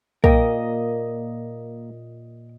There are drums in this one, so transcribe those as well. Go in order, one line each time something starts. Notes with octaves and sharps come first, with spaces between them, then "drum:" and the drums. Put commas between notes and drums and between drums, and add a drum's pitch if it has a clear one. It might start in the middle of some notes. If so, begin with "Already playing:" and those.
A#2 A#3 A#4 D#5 G5, drum: kick